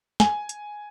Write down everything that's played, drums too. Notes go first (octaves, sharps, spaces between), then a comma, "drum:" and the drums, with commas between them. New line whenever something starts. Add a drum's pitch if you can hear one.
G#5, drum: snare
drum: hi-hat